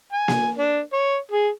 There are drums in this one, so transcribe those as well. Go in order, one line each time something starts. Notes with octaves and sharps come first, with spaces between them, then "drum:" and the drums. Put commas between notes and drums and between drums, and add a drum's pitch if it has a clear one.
G#5
drum: snare A#3
D4
C#5
G#4